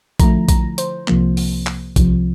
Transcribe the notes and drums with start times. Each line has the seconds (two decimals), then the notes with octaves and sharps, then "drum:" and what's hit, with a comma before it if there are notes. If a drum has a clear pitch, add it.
0.20 D3 F3 A3 E4 A#5, drum: kick A#1, hi-hat
0.49 A#5, drum: kick A#1, hi-hat
0.78 C5, drum: hi-hat
1.08 C2 C3 F3 A#3, drum: clap
1.37 drum: open hi-hat
1.67 drum: clap
1.96 C2 C3 F3, drum: kick A#1, hi-hat